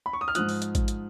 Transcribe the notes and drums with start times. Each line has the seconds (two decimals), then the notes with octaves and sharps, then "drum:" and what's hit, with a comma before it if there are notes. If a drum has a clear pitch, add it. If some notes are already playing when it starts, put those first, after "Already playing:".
0.06 B5
0.13 C#6
0.21 D#6
0.28 F6
0.35 G#2 F3 D#6 F#6, drum: hi-hat
0.49 drum: open hi-hat
0.62 drum: hi-hat
0.75 drum: kick A1, hi-hat
0.88 drum: hi-hat